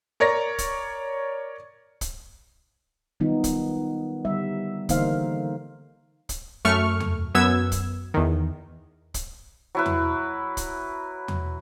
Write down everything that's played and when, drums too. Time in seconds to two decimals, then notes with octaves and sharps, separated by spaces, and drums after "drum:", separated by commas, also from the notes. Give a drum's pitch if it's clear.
0.20 A#4 C#5 D5 C#6 A#6
0.58 drum: kick, hi-hat
2.01 drum: kick, hi-hat
3.20 D#3 F#3 G3 B3 D#4 F4
3.44 drum: kick, hi-hat
4.25 D3 G3 E5
4.89 D3 E3 A#3 D#4 C5 F5, drum: kick, hi-hat
6.29 drum: kick, hi-hat
6.65 F#2 A3 C#6 F6
7.00 drum: tom E2
7.35 F#2 B3 E6 G#6
7.72 drum: kick, hi-hat
8.14 E2 D#3
9.14 drum: kick, hi-hat
9.75 F#3 E4 B4
9.86 drum: tom E2
10.57 drum: kick, hi-hat
11.28 drum: tom E2